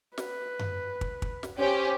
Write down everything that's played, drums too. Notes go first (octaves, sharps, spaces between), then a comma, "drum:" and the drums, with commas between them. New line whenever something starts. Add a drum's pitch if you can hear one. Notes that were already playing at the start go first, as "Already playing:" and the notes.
B4, drum: snare
drum: tom F#2
drum: kick
drum: kick
drum: snare
C#4 G4 C5